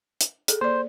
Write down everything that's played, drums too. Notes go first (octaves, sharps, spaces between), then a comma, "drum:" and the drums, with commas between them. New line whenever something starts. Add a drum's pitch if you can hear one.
drum: hi-hat
G#4 A4, drum: hi-hat
A#3 C5 D5